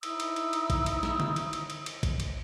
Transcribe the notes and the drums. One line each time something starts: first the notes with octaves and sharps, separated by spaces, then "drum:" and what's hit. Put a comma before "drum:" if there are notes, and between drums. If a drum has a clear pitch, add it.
D#4 E4 D#6 E6, drum: cymbal
drum: cymbal
drum: cymbal
drum: cymbal
drum: kick, cymbal
drum: cymbal
drum: snare
drum: tom
drum: cymbal
drum: cymbal
drum: cymbal
drum: cymbal
drum: kick, cymbal
drum: cymbal